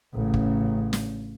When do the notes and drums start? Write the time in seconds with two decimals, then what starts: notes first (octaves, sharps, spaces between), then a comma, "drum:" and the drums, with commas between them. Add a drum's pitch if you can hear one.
0.14 A1 C#3
0.34 drum: kick
0.93 drum: snare